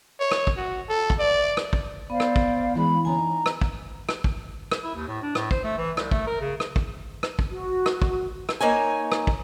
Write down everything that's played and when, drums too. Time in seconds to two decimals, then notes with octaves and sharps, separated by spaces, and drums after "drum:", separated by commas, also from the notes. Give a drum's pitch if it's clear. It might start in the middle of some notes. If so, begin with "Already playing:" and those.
0.20 C#5
0.31 drum: rim click
0.47 drum: kick
0.57 F#4
0.89 A4
1.10 drum: kick
1.19 D5
1.57 drum: rim click
1.73 drum: kick
2.10 B3 C5 D5 F5
2.20 drum: rim click
2.36 drum: kick
2.75 E3 G#3 B5
3.05 D3 B3 C#4 G#5 A#5
3.18 D#4
3.46 drum: rim click
3.61 drum: kick
4.09 drum: rim click
4.24 drum: kick
4.71 drum: rim click
4.84 E4
4.95 D#2
5.08 A2
5.22 D4
5.35 A2, drum: rim click
5.51 C5, drum: kick
5.64 A3
5.78 E3
5.97 C2, drum: rim click
6.11 A3, drum: kick
6.27 A#4
6.40 C#3
6.60 drum: rim click
6.76 drum: kick
7.23 drum: rim click
7.39 drum: kick
7.51 F#4
7.86 drum: rim click
8.02 drum: kick
8.49 drum: rim click
8.61 A#3 D#4 C#5 G#5
9.12 drum: rim click
9.27 drum: kick